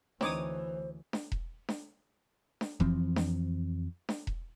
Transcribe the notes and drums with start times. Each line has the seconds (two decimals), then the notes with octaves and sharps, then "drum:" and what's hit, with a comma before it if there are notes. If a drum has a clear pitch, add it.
0.21 D2 E3 C4 D#4 C5 C#5 D6 D#6, drum: snare D4
1.13 drum: snare D4
1.32 drum: kick E1
1.69 drum: snare D4
2.61 drum: snare D4
2.80 F2 E3 F3 C4, drum: kick E1
3.16 drum: snare D4
4.09 drum: snare D4
4.27 drum: kick E1